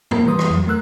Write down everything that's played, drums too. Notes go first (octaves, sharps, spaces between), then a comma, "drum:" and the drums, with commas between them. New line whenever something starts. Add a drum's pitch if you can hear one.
A#3 A#4, drum: tom G2
E3 G3 B4 C6 D#6
drum: rim click
F2 F#3
A3 A#4 E6 F#6